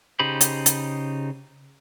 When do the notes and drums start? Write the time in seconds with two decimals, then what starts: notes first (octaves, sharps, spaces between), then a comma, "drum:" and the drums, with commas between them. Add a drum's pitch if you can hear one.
0.19 C#3 D#4 G4 C5 B5
0.41 drum: hi-hat
0.66 drum: hi-hat